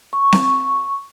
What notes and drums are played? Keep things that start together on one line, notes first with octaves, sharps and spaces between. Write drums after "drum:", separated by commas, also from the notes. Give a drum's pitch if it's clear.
C#6
drum: snare C4